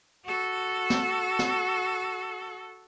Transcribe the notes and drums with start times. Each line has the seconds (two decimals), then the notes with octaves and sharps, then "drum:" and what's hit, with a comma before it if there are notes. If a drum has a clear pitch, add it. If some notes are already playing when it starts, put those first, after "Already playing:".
0.25 F#4 A4
0.90 drum: snare
1.39 drum: snare